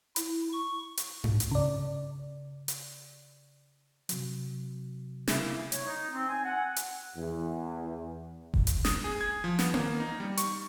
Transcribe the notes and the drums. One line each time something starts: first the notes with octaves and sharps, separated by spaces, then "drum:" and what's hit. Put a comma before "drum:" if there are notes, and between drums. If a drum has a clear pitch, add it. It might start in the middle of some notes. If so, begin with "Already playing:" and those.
E4, drum: hi-hat
C#6
drum: hi-hat
drum: tom G2
drum: hi-hat
C#3 D5
drum: hi-hat
C3 F#3, drum: hi-hat
C#3 A#3 E4, drum: snare
C#5, drum: hi-hat
D#4
C4
G#5
F#5
drum: hi-hat
E2
drum: kick F1
drum: hi-hat
D#6, drum: snare
G#4
G#6
F3
B3, drum: snare
A#3, drum: tom A#3
D#4
G3
C#6, drum: hi-hat